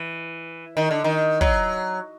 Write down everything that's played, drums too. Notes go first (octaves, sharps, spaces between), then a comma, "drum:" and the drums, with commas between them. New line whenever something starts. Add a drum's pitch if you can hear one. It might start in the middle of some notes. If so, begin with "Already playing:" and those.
Already playing: E3
D#3
D3
D#3
F#3, drum: kick